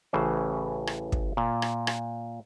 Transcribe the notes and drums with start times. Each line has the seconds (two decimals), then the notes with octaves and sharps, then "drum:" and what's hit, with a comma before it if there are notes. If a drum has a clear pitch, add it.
0.13 A1 A2 C#3 E3 C5
0.87 drum: rim click
1.12 drum: kick
1.37 A#2
1.62 drum: rim click
1.87 drum: rim click